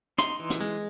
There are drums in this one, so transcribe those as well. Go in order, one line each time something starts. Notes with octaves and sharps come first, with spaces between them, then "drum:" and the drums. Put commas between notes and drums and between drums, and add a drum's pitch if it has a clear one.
D#4 C6, drum: hi-hat
E3
drum: hi-hat
G#3